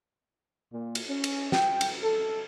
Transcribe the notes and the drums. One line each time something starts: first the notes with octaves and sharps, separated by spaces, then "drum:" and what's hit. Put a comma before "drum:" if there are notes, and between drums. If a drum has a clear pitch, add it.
A#2
drum: cymbal
C#4
drum: cymbal
G5, drum: snare
drum: cymbal
A4